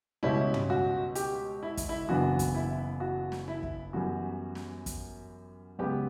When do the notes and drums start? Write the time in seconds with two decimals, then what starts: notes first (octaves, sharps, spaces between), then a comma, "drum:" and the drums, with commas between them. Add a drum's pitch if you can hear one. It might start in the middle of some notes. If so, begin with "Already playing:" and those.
0.23 C#2 B2 G3 C#4 E4
0.54 drum: tom
0.70 F#4
1.15 G4, drum: hi-hat
1.63 E4
1.77 drum: kick, hi-hat
1.89 E4
2.08 F#1 F#2 E3 B3 D4 F#4
2.39 drum: kick, hi-hat
2.55 E4
3.00 F#4
3.32 drum: snare
3.48 E4
3.63 drum: kick
3.93 F#2 E3 G3 B3 F#4
4.55 drum: snare
4.86 drum: kick, hi-hat
5.79 C#2 C#3 F#3 B3 G4